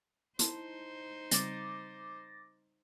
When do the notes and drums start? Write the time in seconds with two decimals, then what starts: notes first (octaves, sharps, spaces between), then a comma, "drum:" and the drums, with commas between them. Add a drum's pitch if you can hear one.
0.39 D#4 E4 C5 A5 C6, drum: hi-hat
1.31 C#3 G3 C4 D6 A6 A#6, drum: hi-hat